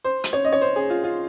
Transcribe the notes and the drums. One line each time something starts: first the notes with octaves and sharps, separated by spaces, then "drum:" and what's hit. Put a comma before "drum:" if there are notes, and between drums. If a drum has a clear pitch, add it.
C5
drum: hi-hat
C#5
D#5
C#5
C5
G#4
F4
F4